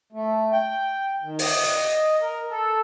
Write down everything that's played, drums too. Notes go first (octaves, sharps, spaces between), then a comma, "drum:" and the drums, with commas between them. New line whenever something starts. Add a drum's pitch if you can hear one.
A3
G5
D#3
D#5, drum: open hi-hat
drum: hi-hat
A#4
A4